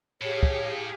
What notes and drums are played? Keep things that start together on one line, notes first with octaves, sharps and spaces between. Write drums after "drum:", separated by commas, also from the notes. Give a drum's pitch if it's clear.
A2 G4 G#4 C#5 F5
drum: kick